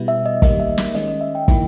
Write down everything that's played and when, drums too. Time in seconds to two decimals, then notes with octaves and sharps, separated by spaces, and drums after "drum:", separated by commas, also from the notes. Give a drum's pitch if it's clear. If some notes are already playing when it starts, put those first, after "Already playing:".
Already playing: B2 G3 B3 E4
0.08 E5
0.26 D#5
0.42 D#3 G3 A#3 D#4 D#5, drum: kick
0.60 E5
0.78 drum: snare
0.94 D#3 G#3 C#4 D#5
1.08 D#5
1.21 E5
1.35 G5
1.48 D#3 A#3 E4, drum: kick